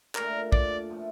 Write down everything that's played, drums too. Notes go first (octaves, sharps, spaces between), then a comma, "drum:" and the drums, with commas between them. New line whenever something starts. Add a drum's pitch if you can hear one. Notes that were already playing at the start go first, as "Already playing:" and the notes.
A#2 A3 D4 F4 A#4, drum: clap
D5, drum: kick
A2 F3 A3